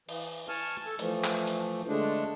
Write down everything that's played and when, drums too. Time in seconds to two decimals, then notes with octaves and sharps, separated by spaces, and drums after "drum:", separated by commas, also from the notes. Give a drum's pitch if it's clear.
0.09 E3, drum: open hi-hat
0.49 G#5 A5 C#6 F6
0.86 A4
0.99 E3 F3 A3, drum: hi-hat
1.24 drum: clap
1.47 drum: hi-hat
1.88 D3 G#3 A3 D4